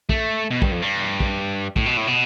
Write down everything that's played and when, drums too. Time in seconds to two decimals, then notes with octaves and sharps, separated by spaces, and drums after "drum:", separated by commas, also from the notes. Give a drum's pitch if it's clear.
0.09 A3, drum: kick
0.51 B2
0.62 G2, drum: kick
0.72 F2
0.82 G2
1.20 drum: kick
1.76 A2, drum: kick
1.86 B2
1.97 A2
2.07 B2